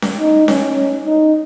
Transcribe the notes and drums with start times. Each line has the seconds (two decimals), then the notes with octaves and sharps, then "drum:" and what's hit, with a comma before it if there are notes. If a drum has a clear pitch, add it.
0.02 drum: snare C#4
0.19 D#4
0.48 C#4, drum: snare C#4
1.06 D#4